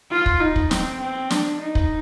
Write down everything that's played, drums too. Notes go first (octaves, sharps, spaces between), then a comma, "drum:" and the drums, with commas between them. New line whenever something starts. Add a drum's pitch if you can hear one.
F4
drum: kick
D#4
drum: kick
C4, drum: snare
C4
D4, drum: snare
D#4
drum: kick